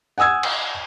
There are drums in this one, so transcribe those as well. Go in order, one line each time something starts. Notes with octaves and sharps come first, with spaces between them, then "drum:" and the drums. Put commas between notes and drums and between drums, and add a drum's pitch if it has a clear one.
F#5 G#5 D#6 E6 G#6
drum: cymbal